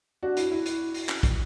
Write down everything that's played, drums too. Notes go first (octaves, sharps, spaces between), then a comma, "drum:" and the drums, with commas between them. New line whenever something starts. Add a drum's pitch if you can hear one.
D4 F#4
E4, drum: hi-hat
E4
drum: hi-hat
drum: open hi-hat
drum: clap
drum: kick, hi-hat